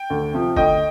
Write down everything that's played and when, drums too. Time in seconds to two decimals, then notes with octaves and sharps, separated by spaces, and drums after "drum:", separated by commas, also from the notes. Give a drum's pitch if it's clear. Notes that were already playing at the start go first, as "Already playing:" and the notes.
Already playing: G5
0.10 D2
0.33 C3 F3
0.56 D2 D#5 G5, drum: kick F1